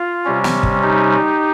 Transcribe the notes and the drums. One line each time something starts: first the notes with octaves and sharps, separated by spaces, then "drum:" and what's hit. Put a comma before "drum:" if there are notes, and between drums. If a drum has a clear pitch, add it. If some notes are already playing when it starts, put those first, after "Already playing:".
Already playing: F4
C3 G3 C#4
drum: snare
drum: kick
D#4 G4